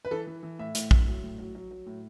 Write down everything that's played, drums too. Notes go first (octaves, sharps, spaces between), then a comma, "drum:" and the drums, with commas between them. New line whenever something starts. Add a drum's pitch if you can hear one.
B4
E3 A4
E3
E3
A2 E5
A2, drum: hi-hat
A2, drum: kick
F#3
A2
F#3
F#3
F#3
A2